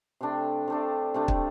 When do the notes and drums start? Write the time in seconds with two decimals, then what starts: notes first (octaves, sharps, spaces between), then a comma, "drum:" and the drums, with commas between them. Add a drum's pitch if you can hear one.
0.21 C3 A3 D4
0.68 C3 A3 D4
1.14 C3 A3 D4
1.28 drum: kick